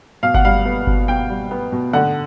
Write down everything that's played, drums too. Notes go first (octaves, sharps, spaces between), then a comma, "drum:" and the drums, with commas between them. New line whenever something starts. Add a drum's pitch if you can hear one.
B2 F5
F#5, drum: kick G1
G3 F5
B3
B2, drum: kick G1
B2 G5
G3
B3
B2
D3 F#5